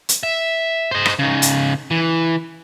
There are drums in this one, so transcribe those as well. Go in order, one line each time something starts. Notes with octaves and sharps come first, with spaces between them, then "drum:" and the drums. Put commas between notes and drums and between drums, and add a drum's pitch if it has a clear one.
drum: hi-hat
E5
C5 D#5
drum: rim click
C#3 D#4
drum: hi-hat
E3